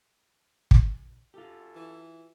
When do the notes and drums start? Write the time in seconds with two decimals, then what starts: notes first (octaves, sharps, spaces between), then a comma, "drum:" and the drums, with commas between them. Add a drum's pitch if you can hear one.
0.71 drum: kick
1.34 F#2 F4 G4 A4
1.75 E3